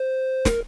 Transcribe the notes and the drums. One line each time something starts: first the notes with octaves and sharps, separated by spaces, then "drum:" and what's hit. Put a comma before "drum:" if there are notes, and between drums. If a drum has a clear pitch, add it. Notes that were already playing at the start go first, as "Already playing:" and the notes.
Already playing: C5
A#4, drum: snare